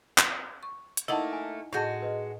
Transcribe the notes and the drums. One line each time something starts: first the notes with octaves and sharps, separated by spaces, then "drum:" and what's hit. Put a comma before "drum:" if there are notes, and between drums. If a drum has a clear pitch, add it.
drum: clap
C#6
drum: hi-hat
A3 A#3 D#4 E4 D#5 F#5 A5
G#5
A2 G#3 F#4 D#5 A5 G6 A#6
B4 D#5